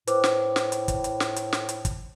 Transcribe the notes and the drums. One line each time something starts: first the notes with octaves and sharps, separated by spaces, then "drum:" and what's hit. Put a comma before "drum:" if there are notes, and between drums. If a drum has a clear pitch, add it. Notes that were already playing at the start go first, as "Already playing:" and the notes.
A2 B4 C5 D6, drum: hi-hat
drum: snare
drum: snare
drum: hi-hat
drum: kick, hi-hat
drum: hi-hat
drum: snare
drum: hi-hat
drum: snare
drum: hi-hat
drum: kick, hi-hat